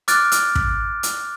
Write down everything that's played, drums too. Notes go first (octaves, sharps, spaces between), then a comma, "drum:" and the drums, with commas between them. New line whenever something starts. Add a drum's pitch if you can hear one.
D6 F6 F#6 A6 D7, drum: hi-hat
drum: hi-hat
drum: kick
drum: hi-hat